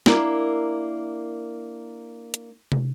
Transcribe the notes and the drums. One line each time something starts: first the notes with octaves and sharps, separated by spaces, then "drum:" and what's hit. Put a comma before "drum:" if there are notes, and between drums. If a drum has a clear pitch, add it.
A#3 D4 E4 A#4, drum: snare
drum: hi-hat
drum: tom